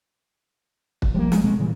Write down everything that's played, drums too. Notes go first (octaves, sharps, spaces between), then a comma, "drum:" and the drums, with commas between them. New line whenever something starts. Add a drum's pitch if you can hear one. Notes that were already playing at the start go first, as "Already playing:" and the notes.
drum: kick
F3 G3 A3 A#3
G#3, drum: snare
B2 G#3 A3 C4
A#2 C#3 E3 G3